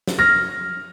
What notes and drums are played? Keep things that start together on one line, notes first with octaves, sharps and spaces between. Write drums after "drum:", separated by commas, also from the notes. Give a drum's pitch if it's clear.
drum: snare
F6 A#6